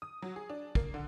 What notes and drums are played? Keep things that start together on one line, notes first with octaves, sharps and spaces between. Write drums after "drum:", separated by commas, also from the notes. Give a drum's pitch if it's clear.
D#6
F#3
G#4
D4
A#3, drum: kick
D3